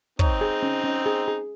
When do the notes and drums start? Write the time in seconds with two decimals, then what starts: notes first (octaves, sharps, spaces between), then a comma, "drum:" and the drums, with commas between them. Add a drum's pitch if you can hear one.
0.19 C4 D#4 C#5, drum: kick
0.41 G#4
0.63 C#4
0.84 C#4
1.06 G#4
1.28 G#4